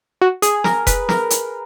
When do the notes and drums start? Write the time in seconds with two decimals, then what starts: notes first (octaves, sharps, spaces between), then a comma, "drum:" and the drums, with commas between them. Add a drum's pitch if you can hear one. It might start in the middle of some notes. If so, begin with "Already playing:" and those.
0.21 F#4
0.42 G#4, drum: hi-hat
0.64 A#4, drum: snare
0.87 B4, drum: kick F1, hi-hat
1.09 A#4, drum: snare
1.30 drum: hi-hat